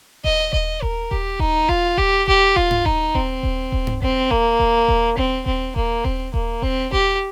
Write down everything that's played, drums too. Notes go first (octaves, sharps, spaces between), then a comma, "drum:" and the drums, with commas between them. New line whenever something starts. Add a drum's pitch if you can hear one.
D#5, drum: kick D#1
D#5, drum: kick D#1
A#4, drum: kick D#1
G4, drum: kick D#1
D#4, drum: kick D#1
F4, drum: kick D#1
G4, drum: kick D#1
G4, drum: kick D#1
F4, drum: kick D#1
drum: tom G2
D#4, drum: kick D#1
C4, drum: kick D#1
drum: kick D#1
drum: kick D#1
drum: tom G2
C4, drum: kick D#1
A#3, drum: kick D#1
drum: kick D#1
drum: kick D#1
C4, drum: kick D#1
C4, drum: kick D#1
A#3, drum: kick D#1
C4, drum: kick D#1
A#3, drum: kick D#1
C4, drum: kick D#1
G4, drum: kick D#1